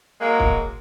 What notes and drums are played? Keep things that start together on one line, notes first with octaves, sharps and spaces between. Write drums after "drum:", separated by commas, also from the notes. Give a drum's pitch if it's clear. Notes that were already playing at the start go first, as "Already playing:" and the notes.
F#3 G#3 A#3
drum: kick